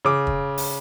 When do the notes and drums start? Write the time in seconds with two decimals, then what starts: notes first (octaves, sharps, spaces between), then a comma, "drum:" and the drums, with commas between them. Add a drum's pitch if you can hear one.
0.05 C#3 D6
0.27 drum: kick
0.58 drum: open hi-hat